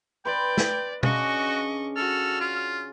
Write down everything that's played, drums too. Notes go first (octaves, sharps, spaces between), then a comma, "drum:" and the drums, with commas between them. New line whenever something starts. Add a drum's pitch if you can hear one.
B4 D5 G5 C6
drum: snare
C#3 C#4 D4 F#4 D#5 C#6, drum: tom
F#4 A4 F6
F4